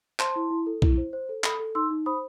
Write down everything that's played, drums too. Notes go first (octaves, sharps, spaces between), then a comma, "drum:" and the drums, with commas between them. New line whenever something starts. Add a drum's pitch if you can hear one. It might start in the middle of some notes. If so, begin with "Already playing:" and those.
C5 A5 C6, drum: clap
E4
E4
A4
E4, drum: kick B1
C5
C5
A4
A4 B5 D#6, drum: clap
A4
D#4 C6 E6
D#4
C5 B5 D#6